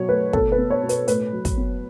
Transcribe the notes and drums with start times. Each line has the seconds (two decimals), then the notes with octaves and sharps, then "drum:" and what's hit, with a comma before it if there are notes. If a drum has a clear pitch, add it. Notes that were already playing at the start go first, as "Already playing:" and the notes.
Already playing: B2 F#3 C#5
0.09 A3 B4
0.33 B2 A4, drum: kick
0.52 B4
0.58 B3
0.70 C#5
0.83 B2
0.89 B4, drum: hi-hat
1.08 A2 B4, drum: hi-hat
1.33 F#3
1.45 drum: kick, hi-hat
1.57 B3